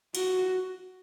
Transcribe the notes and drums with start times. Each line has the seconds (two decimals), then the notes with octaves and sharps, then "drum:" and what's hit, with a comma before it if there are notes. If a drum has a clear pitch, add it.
0.15 F#4, drum: cymbal